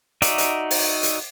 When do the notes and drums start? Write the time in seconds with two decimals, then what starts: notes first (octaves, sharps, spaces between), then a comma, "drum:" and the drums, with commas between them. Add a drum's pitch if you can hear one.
0.22 D#4 F#4 D5 E5, drum: hi-hat
0.38 drum: hi-hat
0.71 drum: open hi-hat
1.03 drum: hi-hat